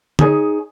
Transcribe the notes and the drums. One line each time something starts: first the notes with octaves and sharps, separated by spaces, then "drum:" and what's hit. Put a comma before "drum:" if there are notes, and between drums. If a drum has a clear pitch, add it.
D#4 G#4 C#5, drum: tom D3